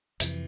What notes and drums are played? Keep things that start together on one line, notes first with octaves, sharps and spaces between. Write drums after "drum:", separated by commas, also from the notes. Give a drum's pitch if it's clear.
F2 C3 E3, drum: hi-hat